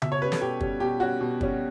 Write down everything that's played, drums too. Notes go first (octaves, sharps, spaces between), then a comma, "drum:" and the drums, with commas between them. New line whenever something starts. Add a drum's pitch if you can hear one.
B2 E5, drum: tom C#3
C#5
G3 C#4 B4
A4, drum: snare
B2 G4
G3 C#4, drum: kick
B2 G4
G3 C#4 F#4
B2
G3 C#4, drum: kick